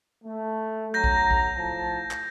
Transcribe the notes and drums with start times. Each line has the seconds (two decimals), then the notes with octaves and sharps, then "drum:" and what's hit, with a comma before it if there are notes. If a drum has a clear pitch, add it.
0.24 A3
0.94 B1 F#3 A#5 G6 A#6
1.04 drum: kick
1.31 drum: kick
1.56 A2 F3 A5
2.11 drum: clap